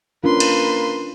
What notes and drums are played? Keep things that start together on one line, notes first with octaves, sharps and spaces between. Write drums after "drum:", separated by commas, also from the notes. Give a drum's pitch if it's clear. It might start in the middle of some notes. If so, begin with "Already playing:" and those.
A#3 C#4 D4 F4 B4 C6
drum: cymbal